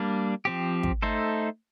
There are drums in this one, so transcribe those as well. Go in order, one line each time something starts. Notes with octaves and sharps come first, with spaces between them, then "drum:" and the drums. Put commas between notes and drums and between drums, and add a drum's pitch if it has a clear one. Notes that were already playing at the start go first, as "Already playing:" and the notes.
Already playing: G3 A#3 D4
F3 C4 G4
drum: kick
A3 D#4 A4 C5